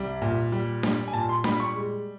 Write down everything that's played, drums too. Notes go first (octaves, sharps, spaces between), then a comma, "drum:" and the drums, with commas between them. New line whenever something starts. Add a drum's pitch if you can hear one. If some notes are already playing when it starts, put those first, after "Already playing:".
Already playing: C2 G3
A#2
G3
G3, drum: snare D4
G#5
A#2 A5
C6
G3 B5, drum: snare D4
C#6
G#3